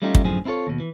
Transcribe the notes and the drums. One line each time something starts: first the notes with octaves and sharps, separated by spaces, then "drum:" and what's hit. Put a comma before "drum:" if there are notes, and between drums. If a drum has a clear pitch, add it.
G3 A3 C#4 D#4 F4 G4
drum: kick
F#2 A2 D3 F3 C4 G#4
C4 E4 F4 A4 C#5
D#2 B2
E3